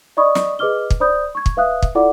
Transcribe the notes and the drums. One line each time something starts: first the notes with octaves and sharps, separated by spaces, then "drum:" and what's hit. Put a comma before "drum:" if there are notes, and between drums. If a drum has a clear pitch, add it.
D5 D#5 B5 C#6 D#6
drum: snare
G#4 B4 D#5 D6 F6 G7
drum: kick
C5 D5 B5 D#6 G6
C#6 G#6
drum: kick
B4 E5 F5 D#6 F#6
drum: kick
E4 F4 A4 D5 F#5 D6